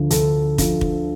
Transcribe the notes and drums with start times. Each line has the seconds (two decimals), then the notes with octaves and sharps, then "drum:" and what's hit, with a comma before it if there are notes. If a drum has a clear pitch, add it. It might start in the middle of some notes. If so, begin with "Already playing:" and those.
Already playing: D2 D3 F3
0.11 D2 A4, drum: hi-hat
0.58 D3 F3, drum: kick, hi-hat
0.81 drum: kick